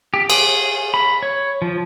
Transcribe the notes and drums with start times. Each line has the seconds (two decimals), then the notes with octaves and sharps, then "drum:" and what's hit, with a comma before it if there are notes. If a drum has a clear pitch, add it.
0.14 G4
0.30 G#4, drum: cymbal
0.94 B5
1.23 C#5
1.62 F3